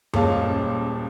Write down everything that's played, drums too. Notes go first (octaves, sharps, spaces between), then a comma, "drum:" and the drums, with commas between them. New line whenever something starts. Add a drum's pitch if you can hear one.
D#1 A#2 G#3 C#4 F5 A5, drum: tom F#2